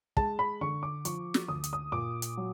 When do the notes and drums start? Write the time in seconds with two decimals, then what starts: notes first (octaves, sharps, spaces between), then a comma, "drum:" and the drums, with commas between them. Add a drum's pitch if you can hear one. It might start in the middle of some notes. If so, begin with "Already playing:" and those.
0.17 G#3 A5, drum: kick
0.39 B5
0.61 D3 C#6
0.83 D6
1.05 F3 C#6, drum: hi-hat
1.34 drum: snare
1.48 D2 D#6
1.64 drum: hi-hat
1.73 D#6
1.92 A#2 D6
2.22 drum: hi-hat
2.37 F#3